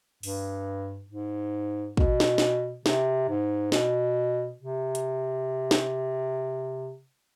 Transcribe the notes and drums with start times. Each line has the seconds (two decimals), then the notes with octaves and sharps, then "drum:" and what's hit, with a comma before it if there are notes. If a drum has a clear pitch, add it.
0.23 G2, drum: open hi-hat
1.10 G#2
1.97 B2, drum: kick
2.20 drum: snare
2.38 drum: snare
2.86 C3, drum: snare
3.29 G#2
3.72 B2, drum: snare
4.59 C3
4.95 drum: hi-hat
5.71 drum: snare